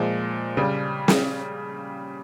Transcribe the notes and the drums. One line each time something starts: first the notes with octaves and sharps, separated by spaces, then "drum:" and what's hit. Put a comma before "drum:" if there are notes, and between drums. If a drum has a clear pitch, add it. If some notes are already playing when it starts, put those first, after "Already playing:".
Already playing: A#2 F3 G#3
C#3 G3
drum: snare